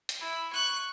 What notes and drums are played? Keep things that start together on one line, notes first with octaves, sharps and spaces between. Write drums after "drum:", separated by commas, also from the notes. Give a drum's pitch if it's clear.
drum: hi-hat
E4
C#6 F#6